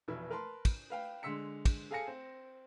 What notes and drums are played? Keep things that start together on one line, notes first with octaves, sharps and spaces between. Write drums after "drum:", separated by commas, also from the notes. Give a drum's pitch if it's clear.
F1 B2 E3 E4
A#4 B4 A5 C6
drum: kick, cymbal
B4 F5 G5
D3 G#3 C6 E6 B6 C#7
drum: kick, cymbal
G#4 A4 F5 G#5 A#6 C#7
C4